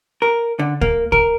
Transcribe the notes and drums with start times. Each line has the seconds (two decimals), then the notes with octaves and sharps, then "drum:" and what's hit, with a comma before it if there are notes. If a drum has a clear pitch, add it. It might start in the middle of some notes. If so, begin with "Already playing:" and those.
0.22 A#4
0.59 D3
0.81 A#3, drum: kick D2
1.12 A#4, drum: kick D2